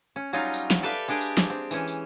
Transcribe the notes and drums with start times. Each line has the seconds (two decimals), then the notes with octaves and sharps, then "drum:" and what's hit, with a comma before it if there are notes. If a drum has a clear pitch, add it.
0.16 C#4
0.33 F#3 G3 C#4 D#4 F4
0.54 drum: tambourine
0.71 drum: snare
0.83 G4 A4 B4 D5 E5 F5
1.08 G#3 D4 G4 G#4 D5
1.21 drum: tambourine
1.37 drum: snare
1.50 C4
1.71 E3 C#4, drum: tambourine
1.87 drum: tambourine